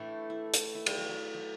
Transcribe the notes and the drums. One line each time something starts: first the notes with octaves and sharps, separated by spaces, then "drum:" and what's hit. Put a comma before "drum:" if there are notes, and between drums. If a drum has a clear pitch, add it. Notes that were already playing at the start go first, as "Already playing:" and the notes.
Already playing: A2 E3 A3 D4
E4
drum: hi-hat
E4
G3, drum: cymbal
F#3
F#3
F#3